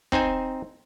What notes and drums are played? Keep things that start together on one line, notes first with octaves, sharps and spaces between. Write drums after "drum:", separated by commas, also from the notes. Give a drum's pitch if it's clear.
C4 D#4 C5 G#5, drum: kick